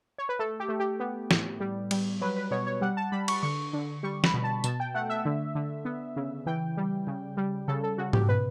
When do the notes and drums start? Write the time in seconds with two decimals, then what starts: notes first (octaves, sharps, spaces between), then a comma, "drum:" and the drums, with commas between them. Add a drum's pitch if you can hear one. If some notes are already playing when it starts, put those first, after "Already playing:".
0.18 C#5
0.29 B4
0.39 A3 A4
0.60 G4
0.69 A3
0.80 G4
1.00 B3
1.31 A2, drum: snare
1.60 G3
1.91 G3, drum: cymbal
2.21 F#3 B4
2.37 B4
2.51 B2 C#5
2.67 C#5
2.81 G3 F#5
2.97 A5
3.12 G3 B5
3.28 C#6, drum: cymbal
3.43 D3 C#6
3.73 D3
4.03 G3 C#6
4.24 B5, drum: snare
4.34 B2
4.44 A5
4.64 B2 A5, drum: hi-hat
4.80 G5
4.95 A3 F#5
5.10 E5
5.25 D3
5.55 D3
5.85 B3
6.16 C#3
6.46 E3 G5
6.77 G3
7.07 C#3
7.37 G3
7.68 C#3 A4
7.83 A4
7.98 C#3 F#4
8.13 G4, drum: tom G#2
8.29 B2 B4